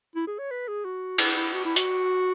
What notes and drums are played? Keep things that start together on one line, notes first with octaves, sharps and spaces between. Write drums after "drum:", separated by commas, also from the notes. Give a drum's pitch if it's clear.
E4
G#4
C#5
B4
G#4
F#4
E4, drum: cymbal
E4
F#4
E4
F#4, drum: hi-hat